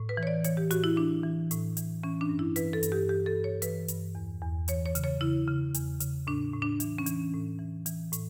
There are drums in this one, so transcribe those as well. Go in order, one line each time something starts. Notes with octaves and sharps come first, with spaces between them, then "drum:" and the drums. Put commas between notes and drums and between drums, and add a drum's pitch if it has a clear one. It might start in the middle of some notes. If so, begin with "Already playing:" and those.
Already playing: A2
B4
E3
C#5
D5
E3 C#5, drum: hi-hat
G4
A2 F#4, drum: hi-hat
E4
E3 D4
E3
A2, drum: hi-hat
E3, drum: hi-hat
E3 C#4
D4
G2
E4
E3 B4, drum: hi-hat
A4
G2, drum: hi-hat
G4
E3 G4
A4
G2
C#5
E3 B4, drum: hi-hat
G2, drum: hi-hat
E2
E2
E3 C#5, drum: hi-hat
C#5
C#3, drum: hi-hat
C#5
C#3 E4
C#3
E2, drum: hi-hat
C#3, drum: hi-hat
A2 D4
A2
D4
E3, drum: hi-hat
C#4
E3, drum: hi-hat
A2
E3
E3, drum: hi-hat
A2, drum: hi-hat